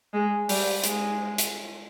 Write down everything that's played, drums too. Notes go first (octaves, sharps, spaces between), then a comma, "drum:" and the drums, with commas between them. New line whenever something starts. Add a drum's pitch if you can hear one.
G#3
G3, drum: open hi-hat
G#3, drum: hi-hat
drum: hi-hat